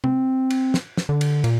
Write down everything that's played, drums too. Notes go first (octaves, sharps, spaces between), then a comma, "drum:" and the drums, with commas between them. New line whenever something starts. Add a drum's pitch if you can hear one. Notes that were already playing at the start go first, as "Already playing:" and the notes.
C4, drum: tom C3
drum: cymbal
drum: snare
drum: snare
D3
drum: cymbal
A#2, drum: cymbal